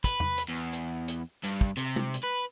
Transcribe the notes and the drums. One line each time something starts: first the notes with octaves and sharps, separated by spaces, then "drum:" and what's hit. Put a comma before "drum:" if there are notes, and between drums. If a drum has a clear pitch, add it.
B4, drum: kick, hi-hat
drum: tom E2
drum: hi-hat
E2
drum: hi-hat
drum: hi-hat
G2, drum: hi-hat
drum: kick
C3, drum: hi-hat
drum: tom G#3
drum: hi-hat
B4